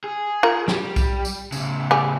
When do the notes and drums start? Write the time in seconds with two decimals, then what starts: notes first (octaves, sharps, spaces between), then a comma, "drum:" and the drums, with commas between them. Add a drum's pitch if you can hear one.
0.04 G#4
0.43 F4 A#4 A#5
0.68 G3, drum: snare
0.96 drum: kick B1, tambourine
1.25 drum: tambourine
1.52 A2 C#3, drum: tambourine
1.91 G3 G4 G#4